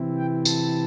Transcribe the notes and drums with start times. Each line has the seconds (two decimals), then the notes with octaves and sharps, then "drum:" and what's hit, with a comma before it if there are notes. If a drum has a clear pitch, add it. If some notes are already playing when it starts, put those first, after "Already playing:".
Already playing: C3 E3 C4 E4
0.17 G5
0.45 A5, drum: tambourine